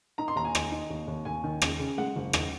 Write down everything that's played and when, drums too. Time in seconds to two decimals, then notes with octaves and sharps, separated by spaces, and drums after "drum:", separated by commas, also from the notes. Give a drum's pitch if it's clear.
0.18 D#4 A#5
0.28 C6
0.36 D#2 A#5
0.45 G#5
0.55 D#3, drum: rim click
0.72 D#4
0.90 D#2
1.08 D#2
1.25 D#2 G#5
1.44 D#3
1.62 C#3, drum: rim click
1.79 C#3
1.98 G#3 F#5
2.16 F#1
2.33 D#3, drum: rim click